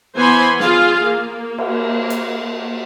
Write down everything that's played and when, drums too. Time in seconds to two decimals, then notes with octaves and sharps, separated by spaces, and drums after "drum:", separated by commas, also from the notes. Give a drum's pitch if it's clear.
0.16 E3 B3 C5 G#5 B5 C6
0.60 F4 G#4 F5, drum: snare
1.06 A#3
1.58 drum: cymbal
2.10 drum: hi-hat